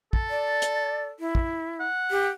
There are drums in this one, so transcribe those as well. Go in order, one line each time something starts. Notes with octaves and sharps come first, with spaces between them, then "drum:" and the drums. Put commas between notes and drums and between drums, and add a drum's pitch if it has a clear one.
A4, drum: kick
D5
drum: hi-hat
E4
drum: kick
F#5
G4